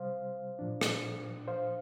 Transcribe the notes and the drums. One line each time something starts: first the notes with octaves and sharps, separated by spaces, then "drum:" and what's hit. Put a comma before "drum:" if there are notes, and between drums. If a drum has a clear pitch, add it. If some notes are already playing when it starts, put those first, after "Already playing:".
Already playing: C3 G3 C5 F5
A#2 F3 D4
drum: rim click
C5 F5